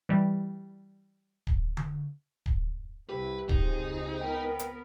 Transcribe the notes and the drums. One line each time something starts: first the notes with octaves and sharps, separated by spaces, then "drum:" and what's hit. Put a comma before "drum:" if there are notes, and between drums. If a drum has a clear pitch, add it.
E3 G3
drum: kick D1
drum: tom D3
drum: kick D1
C2 E4 G4 B4
C#2 C4 D#4 G#4, drum: kick D1
B3 A#4 B4 G5
drum: hi-hat